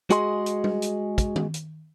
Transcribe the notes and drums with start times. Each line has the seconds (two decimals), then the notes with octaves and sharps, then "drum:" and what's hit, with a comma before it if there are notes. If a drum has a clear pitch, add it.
0.10 G#3 F#4 G#4 D#5 C6, drum: hi-hat
0.46 drum: hi-hat
0.64 drum: tom G3
0.82 drum: hi-hat
1.18 drum: kick, hi-hat
1.36 drum: tom D#3
1.54 drum: hi-hat